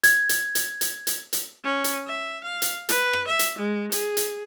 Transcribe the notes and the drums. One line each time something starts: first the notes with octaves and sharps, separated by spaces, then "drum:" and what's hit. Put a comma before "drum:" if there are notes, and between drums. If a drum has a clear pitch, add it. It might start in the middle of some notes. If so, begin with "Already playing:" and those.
G#6, drum: hi-hat
drum: hi-hat
drum: hi-hat
drum: hi-hat
drum: hi-hat
drum: hi-hat
C#4
drum: hi-hat
E5
F5
drum: hi-hat
B4, drum: hi-hat
drum: rim click
E5
drum: hi-hat
G#3
G#4, drum: hi-hat
drum: hi-hat